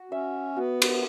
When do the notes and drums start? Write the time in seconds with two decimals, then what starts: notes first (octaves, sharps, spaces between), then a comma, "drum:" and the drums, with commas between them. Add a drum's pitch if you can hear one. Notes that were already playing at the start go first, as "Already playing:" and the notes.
Already playing: F#4
0.11 C#4 E5
0.56 B3 F#4
0.82 drum: cymbal